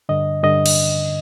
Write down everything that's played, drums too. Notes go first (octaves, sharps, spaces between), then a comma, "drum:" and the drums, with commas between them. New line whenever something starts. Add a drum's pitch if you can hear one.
G2 D3 D#5
G2 D3 D#5
drum: cymbal